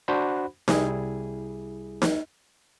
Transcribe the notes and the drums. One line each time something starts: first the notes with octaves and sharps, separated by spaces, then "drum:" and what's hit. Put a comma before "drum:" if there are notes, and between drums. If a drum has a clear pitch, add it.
D4 F#4 C5 F#5 B5
C2 G3 E4 G#4, drum: snare D#4
drum: snare D#4